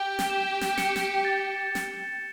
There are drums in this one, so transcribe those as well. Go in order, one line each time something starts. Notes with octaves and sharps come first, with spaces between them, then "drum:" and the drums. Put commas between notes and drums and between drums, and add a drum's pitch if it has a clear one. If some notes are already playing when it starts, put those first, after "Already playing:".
Already playing: G4 G6 G7
drum: snare
E7
drum: snare
C#7, drum: snare
drum: snare
A6
drum: snare